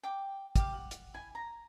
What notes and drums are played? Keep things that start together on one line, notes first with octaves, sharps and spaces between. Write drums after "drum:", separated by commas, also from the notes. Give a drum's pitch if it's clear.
G5 D6
G4 F5, drum: kick, hi-hat
F#5
drum: hi-hat
E4 G#5
A#5